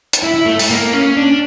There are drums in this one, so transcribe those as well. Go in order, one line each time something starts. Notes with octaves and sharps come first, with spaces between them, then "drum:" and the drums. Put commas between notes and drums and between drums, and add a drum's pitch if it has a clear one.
drum: hi-hat
E4
E4
A3
drum: open hi-hat
A#3
C#4
D4